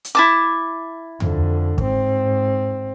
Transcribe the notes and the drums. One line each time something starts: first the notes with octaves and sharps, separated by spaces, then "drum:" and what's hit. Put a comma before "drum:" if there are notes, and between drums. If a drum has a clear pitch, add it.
drum: hi-hat
E4 A5 D6
F2 D3, drum: tom
G#2 C4, drum: kick